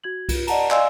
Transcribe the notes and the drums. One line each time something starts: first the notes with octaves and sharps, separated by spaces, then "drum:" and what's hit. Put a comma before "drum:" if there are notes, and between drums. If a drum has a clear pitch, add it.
F#4 G#6 F#7
F4, drum: kick C2, cymbal
D5 D#5 F#5 A5 A#5, drum: cymbal
D5 D#5 F5 G#5 C6 E6, drum: clap